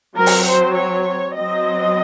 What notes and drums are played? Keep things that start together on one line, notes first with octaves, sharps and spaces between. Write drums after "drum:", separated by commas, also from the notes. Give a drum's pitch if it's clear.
F#3 C4 A#4
drum: open hi-hat
C5
C#5
F#3 C4 D#5